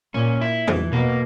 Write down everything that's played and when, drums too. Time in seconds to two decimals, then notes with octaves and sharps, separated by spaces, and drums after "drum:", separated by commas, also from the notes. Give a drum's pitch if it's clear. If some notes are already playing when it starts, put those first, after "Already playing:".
0.14 A#2 C#4
0.41 E4
0.67 E3, drum: tom
0.93 B2 A#3